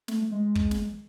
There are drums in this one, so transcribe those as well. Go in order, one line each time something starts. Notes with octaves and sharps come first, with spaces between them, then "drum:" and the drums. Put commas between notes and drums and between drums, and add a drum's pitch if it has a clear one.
A3, drum: snare
G#3
drum: kick
drum: snare